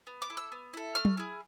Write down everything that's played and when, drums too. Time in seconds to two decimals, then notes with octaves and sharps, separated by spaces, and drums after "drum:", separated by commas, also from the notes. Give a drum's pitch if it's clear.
0.07 B3
0.22 D6
0.30 E4 A4
0.37 E6
0.52 B3
0.73 E4 A4
0.95 A3 F6
1.05 drum: tom F#3
1.17 E4 G#4